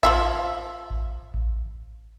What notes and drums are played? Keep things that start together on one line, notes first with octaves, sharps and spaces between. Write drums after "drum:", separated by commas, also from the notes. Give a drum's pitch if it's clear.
F3 F4 E5, drum: kick A1
drum: kick A1
drum: kick A1